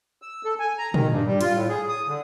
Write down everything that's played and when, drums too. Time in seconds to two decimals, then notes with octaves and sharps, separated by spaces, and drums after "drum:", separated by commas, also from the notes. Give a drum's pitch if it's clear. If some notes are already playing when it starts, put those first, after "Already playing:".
0.22 E6
0.45 A4
0.59 G#5
0.78 A#5
0.94 D#3, drum: tom A#2
1.10 G2
1.27 G3
1.41 F4, drum: hi-hat
1.54 A2
1.69 G#4
1.89 D#6
2.08 D3